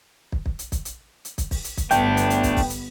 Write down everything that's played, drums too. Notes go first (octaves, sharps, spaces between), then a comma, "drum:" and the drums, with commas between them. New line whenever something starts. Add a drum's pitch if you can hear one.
drum: kick
drum: kick
drum: hi-hat
drum: kick, hi-hat
drum: hi-hat
drum: hi-hat
drum: kick, hi-hat
drum: kick, open hi-hat
drum: hi-hat
drum: kick, hi-hat
G1 A3 B3 D4 G5, drum: hi-hat
drum: hi-hat
drum: hi-hat
drum: kick, hi-hat
drum: kick, open hi-hat
drum: hi-hat